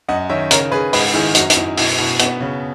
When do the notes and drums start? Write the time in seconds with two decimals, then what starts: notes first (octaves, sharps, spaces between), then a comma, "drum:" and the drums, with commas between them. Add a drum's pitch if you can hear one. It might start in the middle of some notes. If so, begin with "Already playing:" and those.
0.08 F#2 D#5 F#5
0.29 D#3 C#5 E5
0.51 C#3 A#4 C#5, drum: hi-hat
0.72 C#3 G#4 B4
0.93 G#2 B4 D#5, drum: open hi-hat
1.14 D#3 E4 G#4
1.35 F#2 D#4 F#4, drum: hi-hat
1.50 D#4, drum: hi-hat
1.56 F#2 E4
1.77 B2 E4, drum: open hi-hat
1.98 B2 E4
2.19 B3, drum: hi-hat
2.41 C#3